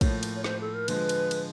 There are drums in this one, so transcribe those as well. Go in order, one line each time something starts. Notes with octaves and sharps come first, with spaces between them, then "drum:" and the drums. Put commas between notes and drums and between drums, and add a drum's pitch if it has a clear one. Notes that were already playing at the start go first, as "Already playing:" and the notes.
A2 F3 A#3 C#5, drum: kick, cymbal
drum: cymbal
C#5
C5, drum: snare
A4
A#4
D3 F3 G#3 B4, drum: cymbal
drum: cymbal
drum: cymbal